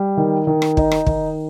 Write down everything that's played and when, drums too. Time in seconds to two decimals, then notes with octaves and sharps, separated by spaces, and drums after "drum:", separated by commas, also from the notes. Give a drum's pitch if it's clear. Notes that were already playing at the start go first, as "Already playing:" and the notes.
Already playing: G3
0.17 D#3
0.47 D#3
0.62 drum: rim click
0.77 D#4, drum: kick
0.92 drum: rim click
1.06 D#3, drum: kick